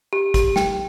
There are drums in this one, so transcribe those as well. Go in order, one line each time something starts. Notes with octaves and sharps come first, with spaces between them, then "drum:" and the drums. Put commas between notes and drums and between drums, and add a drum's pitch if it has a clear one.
G4
G4, drum: kick, hi-hat
G5, drum: snare